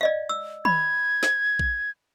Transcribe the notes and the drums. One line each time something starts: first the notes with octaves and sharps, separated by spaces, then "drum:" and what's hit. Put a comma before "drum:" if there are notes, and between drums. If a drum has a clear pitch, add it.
D5 D#5 F5
E6
B5 G#6, drum: tom D#3
drum: snare
drum: kick A#1